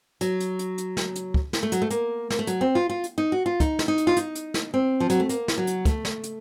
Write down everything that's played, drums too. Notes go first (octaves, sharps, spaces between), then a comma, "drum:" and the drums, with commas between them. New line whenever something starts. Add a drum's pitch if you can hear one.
F#3, drum: hi-hat
drum: hi-hat
drum: hi-hat
drum: hi-hat
drum: snare
drum: hi-hat
drum: kick
drum: snare
A3
F#3, drum: hi-hat
A3
A#3, drum: hi-hat
A#3, drum: snare
A3
F#3, drum: hi-hat
C4
F4
F4
drum: hi-hat
D#4
F#4
F4
D#4, drum: kick, hi-hat
drum: snare
D#4
drum: hi-hat
F4
D#4, drum: hi-hat
drum: hi-hat
drum: snare
C4
F3
F#3, drum: hi-hat
A3
A#3, drum: hi-hat
drum: snare
F#3
drum: hi-hat
A3, drum: kick, hi-hat
drum: snare
drum: hi-hat